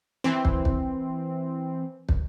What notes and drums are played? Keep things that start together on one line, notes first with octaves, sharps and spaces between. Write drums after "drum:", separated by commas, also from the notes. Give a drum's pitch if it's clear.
E3 C4
drum: kick
drum: kick
drum: kick